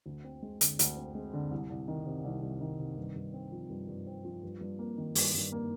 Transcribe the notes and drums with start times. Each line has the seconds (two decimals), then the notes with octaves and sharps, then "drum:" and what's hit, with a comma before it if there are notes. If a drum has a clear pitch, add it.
0.06 D2
0.24 C4
0.42 G#3
0.61 D3, drum: hi-hat
0.79 D2, drum: hi-hat
0.97 C4
1.15 G#3
1.34 D3
1.51 C2
1.70 C2
1.88 D#3
2.07 C3
2.24 C2
2.43 C2
2.61 D#3
2.79 C3
2.98 G2
3.16 G2
3.34 C4
3.52 F3
3.70 G2
3.88 G2
4.07 C4
4.25 F3
4.43 G2
4.61 G2
4.79 A#3
4.98 D#3
5.15 G2, drum: open hi-hat
5.34 G2
5.52 A#3